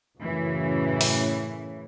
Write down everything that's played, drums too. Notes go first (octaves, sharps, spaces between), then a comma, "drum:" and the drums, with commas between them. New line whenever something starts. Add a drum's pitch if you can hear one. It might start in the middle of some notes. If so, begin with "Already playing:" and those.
F#2 A2 C#3 E3
drum: open hi-hat